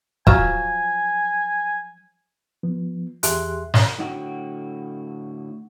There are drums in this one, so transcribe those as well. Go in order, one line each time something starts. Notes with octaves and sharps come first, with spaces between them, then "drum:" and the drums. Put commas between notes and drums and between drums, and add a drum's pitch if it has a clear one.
F3 F#3 G#5, drum: kick
F3 B3
E2 G4 G#4 E5 C6 F#6, drum: hi-hat
drum: snare
A2 D3 F#4 G5